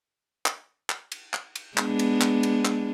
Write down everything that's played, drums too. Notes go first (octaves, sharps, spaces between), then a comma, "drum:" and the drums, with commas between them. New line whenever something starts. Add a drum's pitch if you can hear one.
drum: clap
drum: clap
drum: cymbal
drum: clap
drum: cymbal
G#3 B3 D4, drum: clap
drum: cymbal
drum: clap
drum: cymbal
drum: clap